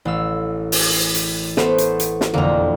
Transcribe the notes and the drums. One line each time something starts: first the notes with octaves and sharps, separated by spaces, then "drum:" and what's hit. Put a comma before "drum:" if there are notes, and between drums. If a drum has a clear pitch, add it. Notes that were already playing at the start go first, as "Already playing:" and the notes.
A1 F5 E6
drum: open hi-hat
drum: hi-hat
A3 B3 C5, drum: snare
drum: hi-hat
drum: hi-hat
drum: snare
E1 F2 D3 A#3 A#5